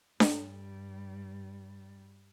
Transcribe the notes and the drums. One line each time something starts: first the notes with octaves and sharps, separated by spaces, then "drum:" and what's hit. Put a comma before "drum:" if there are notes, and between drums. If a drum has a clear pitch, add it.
G2 G3, drum: snare D4